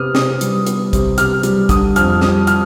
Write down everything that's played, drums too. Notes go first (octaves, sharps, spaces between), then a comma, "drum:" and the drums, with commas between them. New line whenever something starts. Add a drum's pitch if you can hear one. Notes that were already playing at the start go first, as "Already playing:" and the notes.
Already playing: C3 B3 D#6 F6
C3 D#6, drum: snare
G3, drum: hi-hat
B3, drum: hi-hat
C3, drum: kick, hi-hat
C3 F6, drum: hi-hat
G3, drum: hi-hat
D3 D#6, drum: kick, hi-hat
F2 F6, drum: hi-hat
G3 D#6, drum: snare
F6, drum: hi-hat